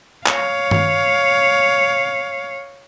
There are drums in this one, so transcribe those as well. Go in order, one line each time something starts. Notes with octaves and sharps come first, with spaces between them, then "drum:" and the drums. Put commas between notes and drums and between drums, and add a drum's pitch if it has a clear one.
C#5 F5, drum: clap
drum: tom G2